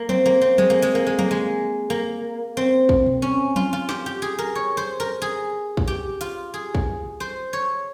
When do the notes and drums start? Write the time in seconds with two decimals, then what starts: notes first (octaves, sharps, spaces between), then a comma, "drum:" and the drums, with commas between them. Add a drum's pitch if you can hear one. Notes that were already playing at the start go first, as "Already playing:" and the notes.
Already playing: A#3
0.09 C4, drum: tom F3
0.26 A#3
0.41 C4
0.58 G#3, drum: tom F3
0.70 A#3
0.82 G#3, drum: hi-hat
0.95 A#3
1.07 G#3
1.19 A#3, drum: tom F3
1.31 G#3
1.90 A#3
2.57 C4
2.89 drum: kick
3.07 drum: tom B2
3.22 C#4
3.56 F4, drum: tom F3
3.73 F4
3.89 G4, drum: snare
4.06 G4
4.22 G#4
4.39 A#4
4.55 C#5
4.77 C5
5.00 A#4
5.22 G#4
5.77 drum: kick
5.87 G4
6.21 F4, drum: hi-hat
6.54 G#4
6.75 drum: kick
7.20 C5
7.53 C#5